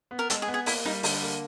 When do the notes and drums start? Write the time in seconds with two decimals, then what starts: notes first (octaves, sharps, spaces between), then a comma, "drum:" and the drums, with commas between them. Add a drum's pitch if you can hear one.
0.11 B3
0.19 A#4
0.30 G#3 A4, drum: hi-hat
0.42 G#4
0.48 B3
0.54 G#4
0.66 A#3 E4, drum: open hi-hat
0.85 G3 D#4
1.03 D3, drum: open hi-hat
1.22 A#3